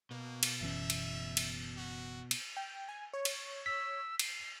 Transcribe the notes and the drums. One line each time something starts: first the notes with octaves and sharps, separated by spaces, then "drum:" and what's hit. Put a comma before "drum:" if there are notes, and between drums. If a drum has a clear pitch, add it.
B2 A#3
drum: cymbal
F#1 E3 C#4 E5
drum: cymbal
drum: cymbal
F#4
drum: cymbal
G5
G#5
C#5
drum: cymbal
E6 B6
C7, drum: cymbal